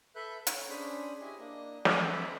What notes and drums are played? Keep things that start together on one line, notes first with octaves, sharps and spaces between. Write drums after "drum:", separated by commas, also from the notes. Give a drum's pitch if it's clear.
A4 B4 E5 F#6 G6
C#5, drum: hi-hat
C#4 D4 G#4 C5 B5
E4 G4 D#5 G#5
A#3 D4 D#5
drum: snare
C4 A4 B4 D#5 E5 G6